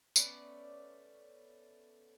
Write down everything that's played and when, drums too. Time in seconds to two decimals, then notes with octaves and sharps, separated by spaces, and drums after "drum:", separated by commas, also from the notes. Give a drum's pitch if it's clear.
0.16 A3 B3 C#4 D5, drum: tambourine